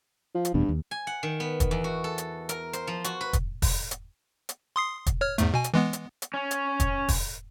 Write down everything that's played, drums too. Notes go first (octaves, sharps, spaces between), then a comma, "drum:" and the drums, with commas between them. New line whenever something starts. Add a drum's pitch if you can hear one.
F3
drum: hi-hat
F#1 E2 G2 B2
D#2
G#5
F#5
D#3
B3
drum: kick, hi-hat
E2
F#4
A4
drum: hi-hat
A#4, drum: hi-hat
C5, drum: hi-hat
F3
F#4, drum: hi-hat
B4
drum: kick, hi-hat
drum: kick, open hi-hat
drum: hi-hat
drum: hi-hat
C6 D#6 C7
drum: kick, hi-hat
C#5 F6
E2 G#2 A3, drum: hi-hat
B2 G#5
drum: hi-hat
E3 G#3 B3
drum: hi-hat
drum: hi-hat
C#4
drum: hi-hat
drum: kick, hi-hat
drum: kick, open hi-hat